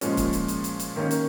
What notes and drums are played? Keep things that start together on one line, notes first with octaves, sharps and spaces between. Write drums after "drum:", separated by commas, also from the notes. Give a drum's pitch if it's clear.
A#2 F3 G#3 C#4, drum: hi-hat
drum: kick, hi-hat
drum: hi-hat
drum: hi-hat
drum: hi-hat
drum: hi-hat
D#3 A#3 C#4
drum: hi-hat